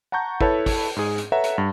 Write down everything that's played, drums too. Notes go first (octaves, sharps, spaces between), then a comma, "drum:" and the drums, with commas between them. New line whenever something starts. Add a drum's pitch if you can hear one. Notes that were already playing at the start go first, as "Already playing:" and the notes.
F#5 A5 A#5 C#6 G6
E4 A4 B4 C#5 A5, drum: kick
drum: kick, open hi-hat
G#2 G#4
drum: hi-hat
A4 B4 C#5 E5 F#5 A#5
drum: hi-hat
G2